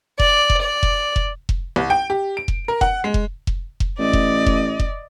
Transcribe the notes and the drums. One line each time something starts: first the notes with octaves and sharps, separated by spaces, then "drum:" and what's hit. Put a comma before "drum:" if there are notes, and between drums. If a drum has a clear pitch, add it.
D5, drum: kick F1
drum: kick F1
D5
drum: kick F1
drum: kick F1
drum: kick F1
C2
G5
G4
D7
drum: kick F1
A#4
F#5, drum: kick F1
G#3
drum: kick F1
drum: kick F1
drum: kick F1
A1 D5 D#5
drum: kick F1
drum: kick F1
drum: kick F1